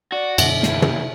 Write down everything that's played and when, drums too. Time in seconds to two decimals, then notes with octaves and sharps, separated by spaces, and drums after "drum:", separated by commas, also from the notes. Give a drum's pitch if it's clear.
0.12 F#4 D5
0.38 F#2 B2 D3 E5, drum: cymbal
0.63 D#2 E3, drum: snare
0.82 drum: tom